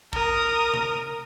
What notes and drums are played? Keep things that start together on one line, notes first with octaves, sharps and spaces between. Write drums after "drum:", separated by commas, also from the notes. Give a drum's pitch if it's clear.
A#4 D#6, drum: kick
drum: tom C3